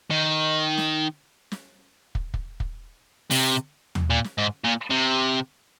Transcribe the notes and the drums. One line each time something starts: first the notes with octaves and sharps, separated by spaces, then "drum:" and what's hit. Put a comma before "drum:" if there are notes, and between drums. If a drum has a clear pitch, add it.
D#3
drum: snare
drum: snare
drum: kick
drum: kick
drum: kick
C3, drum: open hi-hat
drum: tom D#2
A#2
drum: snare
G#2
A#2
C3